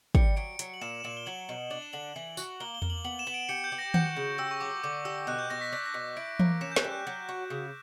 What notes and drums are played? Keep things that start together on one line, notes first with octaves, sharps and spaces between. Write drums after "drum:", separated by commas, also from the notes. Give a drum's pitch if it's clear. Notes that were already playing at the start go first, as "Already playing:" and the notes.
G3 C#7, drum: kick
F#3 D7
F#3, drum: hi-hat
F#7
A#2 E7
E7
A#2 F#7
G7
F#3 F#7
B2
D4 F#7
E7
D3 F#7
E3
F#4, drum: tambourine
A#3 G7
G7
A#3, drum: tom E2
F#7
B3 F#7
E7
B3
D7
G4 C#7
G6
G4
A#6
F#4 G6, drum: tom D#3
C#3
G4 E6
C#6
F#3 D6
D3 D6
G4 E6
B2 F#6
G6
B2 A#6
B6
D4 B6
A#6
B2 B6
E4 D7
A#3, drum: tom E3
C#4 E7
G6
F#6, drum: snare
G3
F#6
F#3
F#4
C#3